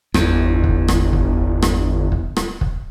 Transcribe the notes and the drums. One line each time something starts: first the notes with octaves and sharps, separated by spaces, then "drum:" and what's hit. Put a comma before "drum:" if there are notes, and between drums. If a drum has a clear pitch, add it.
G1 E2, drum: rim click
drum: kick
drum: rim click
drum: kick
drum: rim click
drum: kick
drum: rim click
drum: kick